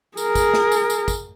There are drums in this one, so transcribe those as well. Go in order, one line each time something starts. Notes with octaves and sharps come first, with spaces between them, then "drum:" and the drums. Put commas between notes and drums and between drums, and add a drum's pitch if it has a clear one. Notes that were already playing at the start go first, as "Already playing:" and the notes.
G#4 A#4, drum: tambourine
drum: kick, tambourine
drum: snare
drum: tambourine
drum: tambourine
drum: kick, tambourine